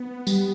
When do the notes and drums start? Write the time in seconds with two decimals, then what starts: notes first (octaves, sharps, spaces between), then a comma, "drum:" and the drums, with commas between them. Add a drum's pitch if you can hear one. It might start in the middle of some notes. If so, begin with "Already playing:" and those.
Already playing: B3
0.27 G3, drum: tambourine